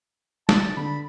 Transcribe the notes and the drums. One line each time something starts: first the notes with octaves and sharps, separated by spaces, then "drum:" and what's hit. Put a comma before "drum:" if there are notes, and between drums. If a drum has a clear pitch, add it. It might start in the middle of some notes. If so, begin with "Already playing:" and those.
A5, drum: snare
D3 B5